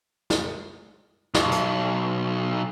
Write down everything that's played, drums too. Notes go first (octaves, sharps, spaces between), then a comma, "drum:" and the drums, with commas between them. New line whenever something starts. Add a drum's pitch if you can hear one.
drum: snare
B1, drum: snare
drum: hi-hat